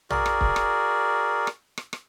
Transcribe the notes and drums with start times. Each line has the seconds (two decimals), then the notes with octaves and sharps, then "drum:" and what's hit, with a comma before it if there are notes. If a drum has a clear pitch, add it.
0.10 F#4 G#4 A#4 D5, drum: tom A#1
0.26 drum: rim click
0.41 drum: kick
0.56 drum: rim click
1.47 drum: rim click
1.78 drum: rim click
1.93 drum: rim click